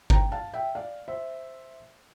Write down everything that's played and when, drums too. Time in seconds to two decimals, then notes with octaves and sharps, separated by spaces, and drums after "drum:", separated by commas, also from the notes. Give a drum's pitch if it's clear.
0.10 G5 A#5, drum: kick G1
0.32 F5 A5
0.54 E5 G5
0.75 D5 F5
1.08 C5 E5